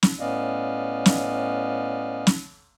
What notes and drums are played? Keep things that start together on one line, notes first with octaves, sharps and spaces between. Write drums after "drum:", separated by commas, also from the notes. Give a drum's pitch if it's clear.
drum: snare
A2 B3 C#4 D5 D#5 F5
drum: snare
drum: snare